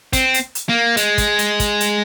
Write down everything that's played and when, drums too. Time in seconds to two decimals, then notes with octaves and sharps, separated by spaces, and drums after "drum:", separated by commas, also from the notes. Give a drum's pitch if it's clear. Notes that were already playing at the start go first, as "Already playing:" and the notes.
0.13 C4, drum: kick, hi-hat
0.34 drum: hi-hat
0.55 drum: hi-hat
0.69 A#3
0.97 G#3, drum: hi-hat
1.18 drum: kick, hi-hat
1.39 drum: hi-hat
1.60 drum: kick, hi-hat
1.80 drum: hi-hat